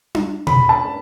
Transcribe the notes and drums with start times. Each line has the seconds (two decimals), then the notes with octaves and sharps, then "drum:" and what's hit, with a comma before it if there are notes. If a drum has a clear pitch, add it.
0.15 drum: tom D4
0.47 B5, drum: tom B2
0.69 A5